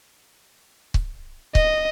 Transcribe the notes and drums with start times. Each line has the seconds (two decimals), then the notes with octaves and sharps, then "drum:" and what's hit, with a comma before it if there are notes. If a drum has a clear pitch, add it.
0.94 drum: kick C#1
1.55 D#5, drum: kick C#1